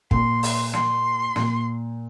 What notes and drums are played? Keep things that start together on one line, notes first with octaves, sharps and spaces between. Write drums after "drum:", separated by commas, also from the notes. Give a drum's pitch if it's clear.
A#2 C6, drum: kick
drum: open hi-hat
C6, drum: snare
A#2, drum: snare